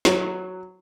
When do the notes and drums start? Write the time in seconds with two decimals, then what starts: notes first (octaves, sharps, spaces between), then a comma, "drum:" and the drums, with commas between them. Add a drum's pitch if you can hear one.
0.05 F#3, drum: snare